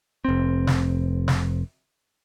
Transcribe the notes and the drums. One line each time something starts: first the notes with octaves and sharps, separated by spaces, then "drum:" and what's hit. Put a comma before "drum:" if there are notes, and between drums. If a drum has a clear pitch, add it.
F1 C4
drum: snare
drum: snare